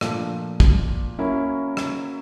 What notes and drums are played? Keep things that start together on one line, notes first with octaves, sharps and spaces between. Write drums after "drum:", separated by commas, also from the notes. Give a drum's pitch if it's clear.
A#2 F3 A3 D4, drum: rim click
drum: kick
F#3 A#3 C#4 E4
drum: rim click